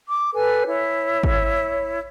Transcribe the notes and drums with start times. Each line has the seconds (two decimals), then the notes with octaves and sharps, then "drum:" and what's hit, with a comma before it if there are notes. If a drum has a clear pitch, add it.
0.07 D6
0.33 A4 B4 G#5
0.66 E4 C#5
1.23 drum: kick G#1